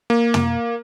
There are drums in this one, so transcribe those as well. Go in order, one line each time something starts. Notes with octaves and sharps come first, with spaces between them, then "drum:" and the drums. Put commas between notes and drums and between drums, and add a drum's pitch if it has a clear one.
A#3
drum: tom